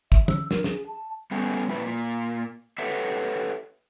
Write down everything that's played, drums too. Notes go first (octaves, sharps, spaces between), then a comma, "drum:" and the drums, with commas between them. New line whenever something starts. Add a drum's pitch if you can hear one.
E5, drum: kick
E6, drum: tom
A#4, drum: snare
G#4, drum: snare
A5
G3 A3 B3 C#4
F2 A#2 E4 B4
A#2
G4 A4 B4 C#5 E5 F#5